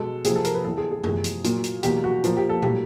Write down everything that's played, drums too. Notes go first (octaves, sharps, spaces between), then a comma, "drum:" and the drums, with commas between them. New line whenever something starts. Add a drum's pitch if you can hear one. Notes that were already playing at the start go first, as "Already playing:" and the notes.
Already playing: B2 G#3 A4
C3 F3 A#3 G#4, drum: hi-hat
A4
A#4, drum: hi-hat
B4
E2 C3 E3 A4
G#4
G#4
E2 C3 F3 A3 G#4, drum: tom F#2
drum: hi-hat
A#2 F#3 A#3, drum: hi-hat
drum: hi-hat
E2 B2 F#3 A#3 G4, drum: hi-hat
F#4
A#2 F3 A#3, drum: hi-hat
G4
A4
A2 F#3 A#3 G4, drum: tom A#2